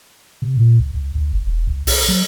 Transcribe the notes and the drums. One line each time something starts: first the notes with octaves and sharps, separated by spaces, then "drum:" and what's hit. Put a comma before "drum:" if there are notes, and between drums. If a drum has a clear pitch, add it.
C3
A#2
C#2
C#2
D2
F#1
E1
C#2
C2, drum: open hi-hat
F#3